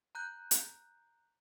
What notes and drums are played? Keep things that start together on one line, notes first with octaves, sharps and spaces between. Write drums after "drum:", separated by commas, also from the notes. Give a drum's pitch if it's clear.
A#5 F#6 G6
drum: hi-hat